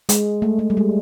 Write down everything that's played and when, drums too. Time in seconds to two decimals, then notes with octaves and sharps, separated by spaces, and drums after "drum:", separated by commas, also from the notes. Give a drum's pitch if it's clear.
0.09 G#3, drum: hi-hat
0.42 A3
0.59 A3
0.70 G3
0.77 G#3